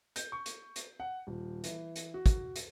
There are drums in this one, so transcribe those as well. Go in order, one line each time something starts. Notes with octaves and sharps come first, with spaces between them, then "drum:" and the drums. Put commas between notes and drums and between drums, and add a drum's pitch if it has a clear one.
G6, drum: hi-hat
C#6
drum: hi-hat
drum: hi-hat
F#5
D#1
E3, drum: hi-hat
drum: hi-hat
F#4
drum: kick, hi-hat
drum: hi-hat